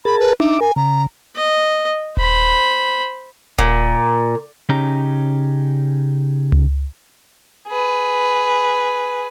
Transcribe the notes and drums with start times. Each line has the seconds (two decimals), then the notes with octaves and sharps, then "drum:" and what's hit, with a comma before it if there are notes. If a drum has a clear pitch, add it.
0.05 G#4 A#4 A5 B5
0.20 B4
0.40 D#4 E5 D6, drum: tom D4
0.60 A#4 G#5
0.76 C#3 A#5
1.35 D#5
2.17 C5 B5, drum: kick D#1
3.59 A#2, drum: kick D#1
4.69 C#3 C#4 D#4 G4 C#5 A#5
6.52 drum: tom C#2
7.68 G#4 B4